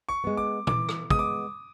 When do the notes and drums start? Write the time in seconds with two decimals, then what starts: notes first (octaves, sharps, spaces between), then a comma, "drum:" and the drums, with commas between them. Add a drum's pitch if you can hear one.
0.09 C#6
0.24 G#3 B3
0.37 D6
0.67 E3 D6, drum: tom A#2
0.89 drum: rim click
1.10 G#3 B3 D#6, drum: kick
1.19 D6